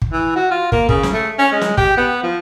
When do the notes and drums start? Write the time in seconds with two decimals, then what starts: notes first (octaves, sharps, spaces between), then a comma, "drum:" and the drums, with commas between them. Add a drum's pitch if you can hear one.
0.02 drum: kick
0.12 E3
0.36 F#4
0.51 F4
0.72 A#3, drum: kick
0.89 C#3, drum: kick
1.03 drum: snare
1.13 A3
1.39 C#4
1.52 G#3
1.61 drum: snare
1.78 G4, drum: kick
1.97 B3
2.23 F3